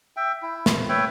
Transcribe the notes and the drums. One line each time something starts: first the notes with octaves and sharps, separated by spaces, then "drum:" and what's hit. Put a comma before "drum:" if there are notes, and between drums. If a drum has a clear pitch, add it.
E5 G5
E4
drum: snare
B4 C#5 E5 G5